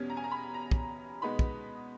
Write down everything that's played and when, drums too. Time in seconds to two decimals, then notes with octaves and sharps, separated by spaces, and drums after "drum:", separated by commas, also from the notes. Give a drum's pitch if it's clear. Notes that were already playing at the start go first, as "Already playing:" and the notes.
Already playing: E2 B2 G3 C#4
0.10 A#5
0.17 G#5
0.24 A#5
0.31 B5
0.54 A#5
0.71 drum: kick
1.22 B2 G#3 B3 D#4 B5
1.39 drum: kick